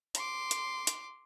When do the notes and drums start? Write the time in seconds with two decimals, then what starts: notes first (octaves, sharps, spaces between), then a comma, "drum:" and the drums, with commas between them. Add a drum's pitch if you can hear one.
0.15 C6 D6, drum: hi-hat
0.51 drum: hi-hat
0.87 drum: hi-hat